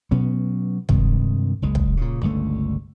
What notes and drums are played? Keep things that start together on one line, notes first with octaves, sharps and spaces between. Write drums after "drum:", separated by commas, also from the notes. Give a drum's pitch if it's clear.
B2 F#3 B3 C#4
G2 C3 D#3 G#3, drum: kick
F#1 C#2 G#3
drum: kick
A#2 C#3
G1 C#2 D3 A3